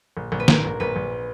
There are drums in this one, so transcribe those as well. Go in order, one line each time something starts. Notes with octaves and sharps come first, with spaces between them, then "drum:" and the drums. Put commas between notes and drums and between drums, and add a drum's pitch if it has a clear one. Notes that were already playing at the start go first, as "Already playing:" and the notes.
A#1
A#1
B4
G#2 A#4, drum: snare
A#1
A#1 B4
A#1